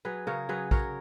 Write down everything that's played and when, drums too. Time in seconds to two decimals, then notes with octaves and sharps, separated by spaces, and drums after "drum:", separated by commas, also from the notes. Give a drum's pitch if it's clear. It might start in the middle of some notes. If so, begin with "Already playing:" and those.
0.05 F#3 G#4 B4
0.27 C#3 A#4 C#5
0.49 F#3 G#4 B4
0.71 F#3 A#4 C#5, drum: kick A#1